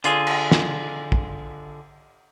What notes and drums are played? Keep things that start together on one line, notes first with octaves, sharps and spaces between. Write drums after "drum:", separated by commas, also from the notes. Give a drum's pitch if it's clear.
D3 F4 G#4, drum: hi-hat
drum: cymbal
drum: snare
drum: kick